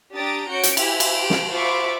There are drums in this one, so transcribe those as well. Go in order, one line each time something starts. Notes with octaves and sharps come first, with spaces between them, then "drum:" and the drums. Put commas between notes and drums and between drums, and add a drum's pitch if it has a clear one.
D4 G4 A#5 D#6 A6 D7
C#4 F#4 G6 C#7 D7
drum: hi-hat
E4 G4 E5 G5 G#5, drum: cymbal
drum: cymbal
G4 D7
drum: snare
F4 C5 E5 B5 C#6 D6